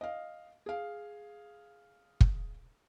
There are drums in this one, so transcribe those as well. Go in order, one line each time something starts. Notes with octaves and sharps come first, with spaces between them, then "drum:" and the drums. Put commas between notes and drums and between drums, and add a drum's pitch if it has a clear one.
D#5 F5
G#4 F5
drum: kick